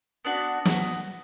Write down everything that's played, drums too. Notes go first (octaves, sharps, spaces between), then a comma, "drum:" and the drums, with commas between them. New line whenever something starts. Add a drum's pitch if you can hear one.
B3 D4 F#4
B3 D4 F#4, drum: snare